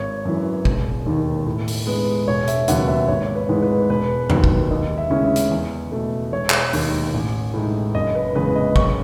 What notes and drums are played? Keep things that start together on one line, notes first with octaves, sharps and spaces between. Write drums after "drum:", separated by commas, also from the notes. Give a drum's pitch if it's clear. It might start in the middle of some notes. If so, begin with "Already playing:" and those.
Already playing: G#1 C#5
F#2 E3
E1, drum: kick
D#2 D#3
A2
drum: open hi-hat
G#3 B3
E1 C#5
E5, drum: hi-hat
D#2 C#3 F#3 B3 F#5, drum: hi-hat
E5
G#1 C#5
B4
G#2 E3 G#3
B4
E1 B4
D#2 D#3 F#3, drum: tom E2
B4, drum: kick
D#2 D#5
E5
C#3 G#3 C#4 E4
E5
drum: hi-hat
E2
B2 A3
E1 C#5
drum: clap
D#2 D#3, drum: open hi-hat
A1
A2 G#3 D#4
F#1 D#5
B4
E2 C#3 G#3 B4
D#5
F#1 C#6, drum: kick